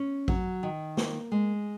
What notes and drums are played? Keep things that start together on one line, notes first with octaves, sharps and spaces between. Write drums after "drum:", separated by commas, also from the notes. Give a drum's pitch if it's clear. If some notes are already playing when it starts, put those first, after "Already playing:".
Already playing: C#4
F#3, drum: kick A1
D#3
A#3, drum: snare
G#3